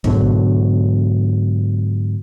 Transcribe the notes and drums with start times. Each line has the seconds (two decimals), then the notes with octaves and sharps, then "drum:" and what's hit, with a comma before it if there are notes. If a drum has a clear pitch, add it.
0.04 G#2 B2 D3 F#3, drum: kick